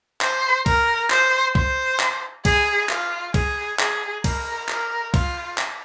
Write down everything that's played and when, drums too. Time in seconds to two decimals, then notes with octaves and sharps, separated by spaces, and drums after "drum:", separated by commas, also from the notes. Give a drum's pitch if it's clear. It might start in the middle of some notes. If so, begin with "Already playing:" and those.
0.21 C5, drum: clap
0.66 A#4, drum: kick, cymbal
1.10 C5, drum: clap
1.55 C5, drum: kick
2.00 drum: clap
2.45 G#4, drum: kick, cymbal
2.89 F4, drum: clap
3.34 G#4, drum: kick, cymbal
3.79 G#4, drum: clap
4.24 A#4, drum: kick, cymbal
4.69 A#4, drum: clap
5.14 F4, drum: kick, cymbal
5.58 drum: clap